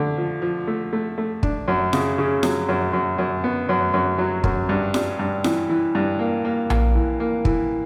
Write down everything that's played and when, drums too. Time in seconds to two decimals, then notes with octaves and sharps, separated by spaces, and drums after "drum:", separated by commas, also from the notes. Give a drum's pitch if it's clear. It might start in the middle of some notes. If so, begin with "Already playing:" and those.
Already playing: D3 A3
0.18 F3
0.42 F3
0.67 A3
0.93 A3
1.18 A3
1.43 D4, drum: kick
1.68 F#2
1.93 C#3, drum: snare F4
2.18 C#3
2.43 F#3, drum: snare F4
2.69 F#2
2.93 F#2
3.18 F#2
3.44 B3
3.69 F#2
3.94 F#2
4.18 F#3
4.44 F#2, drum: kick
4.69 G2
4.94 G3, drum: snare F4
5.19 G2
5.44 E3, drum: snare F4
5.69 E3
5.95 G2
6.19 A#3
6.45 A#3
6.70 A#3, drum: tom A#1
6.95 E3
7.20 A#3
7.45 E3, drum: kick